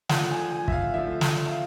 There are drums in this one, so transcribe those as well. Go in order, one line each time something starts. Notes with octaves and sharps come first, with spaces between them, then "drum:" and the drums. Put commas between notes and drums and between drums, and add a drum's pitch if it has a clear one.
D3 F3 A3 F#5, drum: snare
G#5
G#5
E5, drum: kick
F5
D3 F3 A3 E5
E5, drum: snare
F5